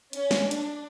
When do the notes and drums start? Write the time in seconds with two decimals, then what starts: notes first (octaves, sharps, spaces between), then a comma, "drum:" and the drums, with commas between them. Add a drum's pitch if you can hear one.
0.13 C#4, drum: hi-hat
0.31 drum: snare
0.51 D4, drum: hi-hat